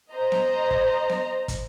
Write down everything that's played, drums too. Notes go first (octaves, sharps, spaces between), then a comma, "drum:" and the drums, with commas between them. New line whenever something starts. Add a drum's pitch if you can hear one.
C5 D#5 A#5
drum: snare B3
drum: kick
drum: snare B3
drum: kick, hi-hat